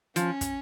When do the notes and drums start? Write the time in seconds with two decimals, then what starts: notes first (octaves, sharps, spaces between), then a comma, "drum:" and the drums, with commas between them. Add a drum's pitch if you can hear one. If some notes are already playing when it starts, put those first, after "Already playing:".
0.16 F3 C#4, drum: hi-hat
0.41 drum: kick, hi-hat